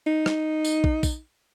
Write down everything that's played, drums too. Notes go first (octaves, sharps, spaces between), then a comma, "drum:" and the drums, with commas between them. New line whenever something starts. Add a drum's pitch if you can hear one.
D#4
drum: rim click
drum: tambourine
drum: kick
drum: kick, tambourine